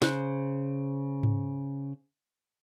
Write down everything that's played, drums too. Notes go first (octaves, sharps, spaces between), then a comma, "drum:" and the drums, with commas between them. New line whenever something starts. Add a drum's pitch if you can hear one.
C#3 C5 F#6, drum: snare
drum: tom G#2